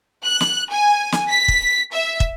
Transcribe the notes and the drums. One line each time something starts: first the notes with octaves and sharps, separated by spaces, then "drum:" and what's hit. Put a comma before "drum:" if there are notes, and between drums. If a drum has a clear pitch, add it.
F#6
drum: snare
G#5
drum: snare
B6
drum: kick
E5
drum: kick